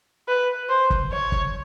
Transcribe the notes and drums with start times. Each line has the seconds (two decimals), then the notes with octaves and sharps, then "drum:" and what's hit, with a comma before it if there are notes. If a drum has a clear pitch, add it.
0.28 B4
0.69 C5
0.90 drum: kick
1.12 C#5
1.32 drum: kick